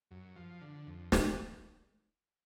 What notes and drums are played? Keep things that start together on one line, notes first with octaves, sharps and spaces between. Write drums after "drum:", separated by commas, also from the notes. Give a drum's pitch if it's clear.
F#2
F3
D3
F2
E3, drum: snare